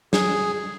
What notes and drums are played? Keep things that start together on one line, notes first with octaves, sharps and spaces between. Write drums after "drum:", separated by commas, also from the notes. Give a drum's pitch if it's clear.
G#4, drum: snare